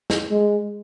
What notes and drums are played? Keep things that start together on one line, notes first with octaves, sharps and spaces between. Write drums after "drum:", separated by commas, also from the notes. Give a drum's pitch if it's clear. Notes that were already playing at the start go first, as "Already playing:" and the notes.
drum: snare
G#3